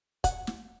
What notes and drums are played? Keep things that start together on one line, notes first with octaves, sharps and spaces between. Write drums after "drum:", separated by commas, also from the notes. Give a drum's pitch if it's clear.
F#5, drum: kick, hi-hat
drum: snare